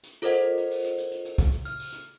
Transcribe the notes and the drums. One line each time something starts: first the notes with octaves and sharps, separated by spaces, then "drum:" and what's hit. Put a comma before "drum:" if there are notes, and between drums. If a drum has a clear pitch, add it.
drum: hi-hat
F4 A4 A#4 C5 D#5 F#5
drum: hi-hat
drum: open hi-hat
drum: hi-hat
drum: hi-hat
drum: hi-hat
drum: hi-hat
drum: kick, hi-hat
drum: hi-hat
F6, drum: hi-hat
drum: open hi-hat
drum: hi-hat